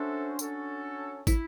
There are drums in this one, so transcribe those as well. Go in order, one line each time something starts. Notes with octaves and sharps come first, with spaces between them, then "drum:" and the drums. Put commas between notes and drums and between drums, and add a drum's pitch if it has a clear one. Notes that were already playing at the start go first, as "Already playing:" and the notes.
Already playing: C#4 D4 F#4 A4 C5 E5
C#4 F#4 A4 C#5, drum: tambourine
E4, drum: kick, tambourine